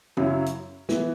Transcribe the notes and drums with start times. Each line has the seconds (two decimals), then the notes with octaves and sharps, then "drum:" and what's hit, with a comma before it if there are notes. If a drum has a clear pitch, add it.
0.17 F#2 C#3 F#3 C#4 E4, drum: tom
0.46 drum: hi-hat
0.89 E3 B3, drum: snare